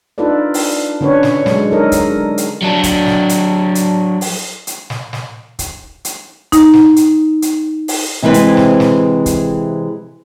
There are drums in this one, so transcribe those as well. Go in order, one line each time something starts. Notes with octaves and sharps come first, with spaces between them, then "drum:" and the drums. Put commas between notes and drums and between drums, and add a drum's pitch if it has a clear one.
D4 D#4 F4 A4 B4 D5
drum: open hi-hat
D3 C#4 D4 B4 C#5
drum: snare
F#3 G#3, drum: snare
D4 D#4 A4 A#4 D#5
drum: kick, hi-hat
drum: hi-hat
F#3 D4
drum: kick, hi-hat
drum: snare
drum: hi-hat
drum: hi-hat
drum: open hi-hat
drum: hi-hat
drum: snare
drum: snare
drum: kick, hi-hat
drum: hi-hat
D#4, drum: kick, hi-hat
drum: snare
drum: hi-hat
drum: hi-hat
drum: open hi-hat
C3 E3 G#3 C4 B4
drum: hi-hat
drum: snare
drum: snare
drum: kick, hi-hat